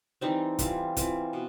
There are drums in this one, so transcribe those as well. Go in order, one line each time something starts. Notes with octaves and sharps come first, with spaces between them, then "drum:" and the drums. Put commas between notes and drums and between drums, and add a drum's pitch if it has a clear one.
E3 G3 C4 D#4
E3 G3 C4 F4, drum: kick, hi-hat
E3 G3 C4 F4, drum: kick, hi-hat
B2